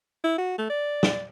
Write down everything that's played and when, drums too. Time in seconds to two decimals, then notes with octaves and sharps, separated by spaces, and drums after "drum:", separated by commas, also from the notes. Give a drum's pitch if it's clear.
0.24 E4
0.38 F#4
0.58 A3
0.69 D5
1.03 drum: snare